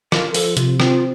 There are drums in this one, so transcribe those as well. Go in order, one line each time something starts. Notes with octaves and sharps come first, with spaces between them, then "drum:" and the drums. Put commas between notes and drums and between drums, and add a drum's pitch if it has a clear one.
F4 A#4, drum: rim click
F3 A4, drum: open hi-hat
C3 F4, drum: hi-hat
C4 F4, drum: rim click